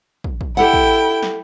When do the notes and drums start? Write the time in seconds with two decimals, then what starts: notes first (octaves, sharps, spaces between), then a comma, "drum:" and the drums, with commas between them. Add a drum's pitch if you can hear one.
0.24 drum: kick
0.41 drum: kick
0.57 E4 G4 A4 F#5 G5
0.73 drum: kick
1.23 drum: snare